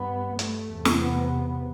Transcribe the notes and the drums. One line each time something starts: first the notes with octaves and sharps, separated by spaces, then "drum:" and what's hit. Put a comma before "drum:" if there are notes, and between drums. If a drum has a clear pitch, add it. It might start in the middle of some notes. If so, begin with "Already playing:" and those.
Already playing: G2 B3
A3, drum: hi-hat
E2 C3
drum: snare
B3